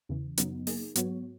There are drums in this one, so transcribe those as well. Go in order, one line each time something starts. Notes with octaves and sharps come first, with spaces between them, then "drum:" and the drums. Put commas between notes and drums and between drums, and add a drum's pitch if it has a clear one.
E2 C#3 E3
F#2 C#3 F#3 B3 D#4, drum: hi-hat
A#3 D#4 G#4, drum: open hi-hat
G#2 F#3 B3 F#4 C#5, drum: hi-hat